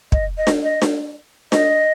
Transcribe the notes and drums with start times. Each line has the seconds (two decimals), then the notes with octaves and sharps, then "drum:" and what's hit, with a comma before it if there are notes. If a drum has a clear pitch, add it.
0.12 D#5, drum: kick
0.38 D#5
0.47 drum: snare D4
0.63 D#5
0.82 drum: snare D4
1.52 D#5, drum: snare D4